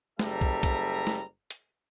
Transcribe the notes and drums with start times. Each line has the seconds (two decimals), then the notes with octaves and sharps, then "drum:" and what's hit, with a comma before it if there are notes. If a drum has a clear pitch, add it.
0.19 F#1 G3 A4 E5 A#5, drum: snare
0.41 drum: kick
0.63 drum: kick, hi-hat
1.07 drum: snare
1.50 drum: hi-hat